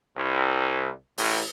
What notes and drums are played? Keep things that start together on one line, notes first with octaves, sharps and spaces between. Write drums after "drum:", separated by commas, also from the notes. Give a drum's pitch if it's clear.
C2
A1, drum: open hi-hat